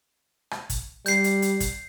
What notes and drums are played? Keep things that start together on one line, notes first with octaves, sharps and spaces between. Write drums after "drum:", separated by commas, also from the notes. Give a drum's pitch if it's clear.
drum: rim click
drum: kick, hi-hat
G3 G6 C7, drum: hi-hat
drum: hi-hat
drum: hi-hat
drum: kick, hi-hat